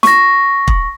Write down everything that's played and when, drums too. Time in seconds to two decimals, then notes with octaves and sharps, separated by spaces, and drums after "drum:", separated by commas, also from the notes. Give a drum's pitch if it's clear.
0.03 C#6 A#6, drum: snare
0.68 drum: kick